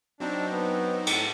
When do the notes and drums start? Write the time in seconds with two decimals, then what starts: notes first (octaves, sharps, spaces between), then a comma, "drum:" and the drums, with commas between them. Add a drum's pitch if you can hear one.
0.20 F#3 C4 D4 D#4
0.50 B3
1.07 A2 A4 D6, drum: cymbal